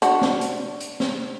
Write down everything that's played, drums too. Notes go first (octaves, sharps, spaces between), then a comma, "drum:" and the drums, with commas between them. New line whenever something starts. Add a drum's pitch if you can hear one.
D4 F#4, drum: hi-hat
drum: snare
drum: hi-hat
drum: hi-hat
drum: snare